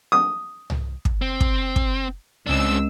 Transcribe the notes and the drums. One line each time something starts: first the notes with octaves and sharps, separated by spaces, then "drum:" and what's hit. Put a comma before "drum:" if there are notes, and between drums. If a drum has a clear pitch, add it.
D#6
drum: tom C2
drum: kick
C4
drum: kick
drum: kick
C#2 C4 D4 E6